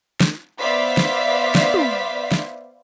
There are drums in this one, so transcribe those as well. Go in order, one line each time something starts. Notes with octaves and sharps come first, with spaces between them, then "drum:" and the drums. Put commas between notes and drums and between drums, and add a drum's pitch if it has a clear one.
drum: snare
B3 C5 D5 E5 F5 B6
drum: snare
drum: snare
drum: tom
drum: snare